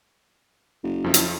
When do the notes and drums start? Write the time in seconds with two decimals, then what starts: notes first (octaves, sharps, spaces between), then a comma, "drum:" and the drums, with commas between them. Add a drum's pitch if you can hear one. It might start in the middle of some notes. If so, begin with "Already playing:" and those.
0.84 F#1
1.04 F2 F3 E4
1.14 drum: hi-hat